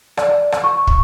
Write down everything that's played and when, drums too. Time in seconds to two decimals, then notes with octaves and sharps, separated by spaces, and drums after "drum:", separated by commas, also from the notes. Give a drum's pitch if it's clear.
0.17 D5, drum: rim click
0.52 drum: rim click
0.64 C#6
0.87 drum: kick